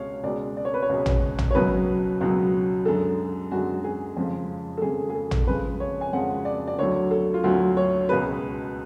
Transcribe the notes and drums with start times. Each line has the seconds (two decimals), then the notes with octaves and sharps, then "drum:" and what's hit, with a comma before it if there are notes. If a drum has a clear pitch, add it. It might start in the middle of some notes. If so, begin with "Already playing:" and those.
Already playing: C#2 B2 G#3 C#5 F5
0.23 C#2 B2 G#3 D5
0.57 D5
0.65 C#5
0.74 B4
0.82 C#5
0.89 C#2 B2 G#3
1.06 drum: tom
1.38 drum: tom
1.51 C#5
1.55 C#2 B2 F#3 B4
2.21 C#2 B2 F#3
2.85 F#2 D3 G#3 A4
3.51 F#2 D3 G#3 F#4
3.84 G#4
4.17 F2 C#3 F3 G#3
4.77 A4
4.82 F2 C#3 F3 G#3 G#4
5.09 G#4
5.15 A4
5.31 drum: tom
5.47 F2 C#3 F3 G#3 B4
5.80 C#5
6.01 G#5
6.13 F2 C#3 F3 G#3 F#5
6.45 D5
6.68 D5
6.79 D2 D3 F#3 C#5
7.11 A4
7.34 F4
7.44 D2 D3 F#3 F#4
7.77 C#5
8.09 C#2 B2 G#3 B4